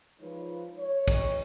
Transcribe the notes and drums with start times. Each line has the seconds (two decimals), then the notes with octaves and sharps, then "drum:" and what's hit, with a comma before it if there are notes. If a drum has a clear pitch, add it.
0.21 F3 G#3 D#4 F4 B4 C#5
0.78 C#5
1.08 drum: kick, cymbal